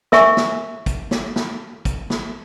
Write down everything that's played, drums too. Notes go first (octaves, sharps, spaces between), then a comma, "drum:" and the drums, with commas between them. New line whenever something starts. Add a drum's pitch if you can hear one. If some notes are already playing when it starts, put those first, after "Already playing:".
A#4 E5 G#5 C#6, drum: snare
drum: snare
drum: kick, hi-hat
drum: snare
drum: snare
drum: kick, hi-hat
drum: snare